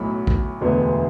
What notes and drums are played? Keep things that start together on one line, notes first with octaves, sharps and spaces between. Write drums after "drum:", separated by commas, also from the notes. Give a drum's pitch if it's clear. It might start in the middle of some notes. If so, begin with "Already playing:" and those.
Already playing: B1 A2 F#3 B5
drum: kick
E1 D2 D3 G#3 B3